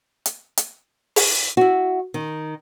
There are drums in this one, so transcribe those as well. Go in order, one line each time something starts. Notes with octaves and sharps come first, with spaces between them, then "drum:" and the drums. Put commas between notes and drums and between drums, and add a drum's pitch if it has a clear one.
drum: hi-hat
drum: hi-hat
drum: open hi-hat
E4 F#4
D#3